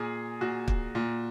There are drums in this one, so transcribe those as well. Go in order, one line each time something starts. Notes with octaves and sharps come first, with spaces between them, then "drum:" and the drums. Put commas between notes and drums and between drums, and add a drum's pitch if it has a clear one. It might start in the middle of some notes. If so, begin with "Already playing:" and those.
Already playing: A#2 G#4
A#2 F#4
drum: kick
A#2